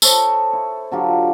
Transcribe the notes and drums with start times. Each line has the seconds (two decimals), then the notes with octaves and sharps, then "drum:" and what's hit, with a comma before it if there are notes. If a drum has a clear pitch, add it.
0.02 A4 C5 C#5 D#5, drum: tambourine
0.53 E4
0.92 D3 F#3 F4 G4